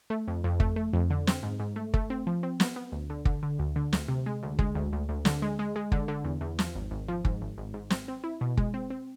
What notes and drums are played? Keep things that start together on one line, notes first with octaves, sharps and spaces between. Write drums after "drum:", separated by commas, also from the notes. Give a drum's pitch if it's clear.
A3
F2
F2
A3, drum: kick
A3
F2
D3
C4, drum: snare
G#2
G#2
A3
A3, drum: kick
C4
F3
C4
B3, drum: snare
B3
D2
D3
D3, drum: kick
D3
D2
D3
D2, drum: snare
C3
G#3
D2
G#3, drum: kick
D2
D2
D2
D3, drum: snare
G#3
G#3
G#3
D3, drum: kick
D3
E2
E2
F3, drum: snare
G#1
G#1
F3
G#2, drum: kick
G#1
G#1
G#2
C4, drum: snare
C4
E4
B2
G#3, drum: kick
C4
C4